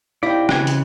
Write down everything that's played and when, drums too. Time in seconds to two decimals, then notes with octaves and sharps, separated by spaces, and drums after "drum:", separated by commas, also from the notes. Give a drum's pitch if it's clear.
0.23 C3 D#4 E4 D5 F5 G5 A#5 B6
0.49 C#3 E3 G#3 F#6 G#6, drum: rim click
0.67 drum: hi-hat